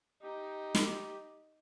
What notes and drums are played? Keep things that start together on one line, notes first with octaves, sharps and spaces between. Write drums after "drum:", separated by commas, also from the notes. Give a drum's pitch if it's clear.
D#4 G4
drum: snare